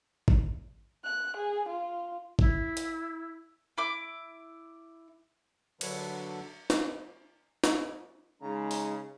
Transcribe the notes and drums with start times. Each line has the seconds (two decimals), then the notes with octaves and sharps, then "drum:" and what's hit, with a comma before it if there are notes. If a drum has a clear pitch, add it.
0.28 drum: kick G#1
1.05 F#6
1.37 G#4
1.69 F4
2.39 E4, drum: kick G#1
2.77 drum: hi-hat
3.78 E4 D6
5.81 D3 F#3 D4 F#4 A4 B4, drum: cymbal
6.70 drum: snare
7.64 drum: snare
8.42 C#3 G#3 D#4 A#5
8.71 drum: open hi-hat